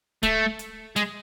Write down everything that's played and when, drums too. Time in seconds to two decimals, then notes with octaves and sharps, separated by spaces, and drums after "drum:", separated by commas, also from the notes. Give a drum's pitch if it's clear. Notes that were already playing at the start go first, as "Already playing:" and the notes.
0.23 A3, drum: kick D1, hi-hat
0.59 drum: hi-hat
0.96 G#3, drum: hi-hat